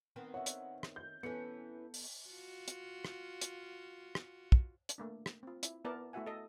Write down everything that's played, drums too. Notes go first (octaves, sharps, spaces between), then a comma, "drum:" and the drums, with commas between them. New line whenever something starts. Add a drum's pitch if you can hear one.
D#3 B3 C4
C#5 E5 F#5
drum: hi-hat
drum: rim click
G6
E3 B3 C#4 A4 C#7
drum: open hi-hat
F4 F#4
drum: hi-hat
drum: rim click
drum: hi-hat
drum: rim click
drum: kick
drum: hi-hat
A3 A#3 D4
drum: rim click
C4 F4
E4, drum: hi-hat
B3 E4 A#4 B4 D5 A5
A3 E4 F#4 E5 F#5 G#5
A4 D#5